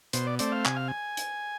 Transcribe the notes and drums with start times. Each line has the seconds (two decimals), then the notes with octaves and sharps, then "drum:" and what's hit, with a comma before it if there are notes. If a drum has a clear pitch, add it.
0.13 B2 C5, drum: hi-hat
0.27 D5
0.39 A3 C4 D5, drum: hi-hat
0.52 F5
0.65 C3 G#5, drum: clap
0.76 F5
0.88 G#5
1.17 drum: hi-hat